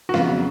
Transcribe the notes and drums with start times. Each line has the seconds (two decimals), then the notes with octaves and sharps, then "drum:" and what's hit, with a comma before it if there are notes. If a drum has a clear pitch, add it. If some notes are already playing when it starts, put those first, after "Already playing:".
0.09 F#4
0.14 F2 C#3 F#3 B3 F4, drum: snare